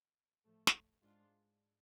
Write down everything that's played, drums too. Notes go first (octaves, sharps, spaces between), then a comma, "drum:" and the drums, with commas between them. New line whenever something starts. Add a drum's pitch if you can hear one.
A2 F3 A3
drum: snare
G#2 G#3 D4 F4